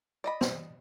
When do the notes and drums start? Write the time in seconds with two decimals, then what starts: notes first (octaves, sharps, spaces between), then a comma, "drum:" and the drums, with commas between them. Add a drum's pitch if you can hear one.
0.24 D5 D#5 B5
0.41 C4, drum: snare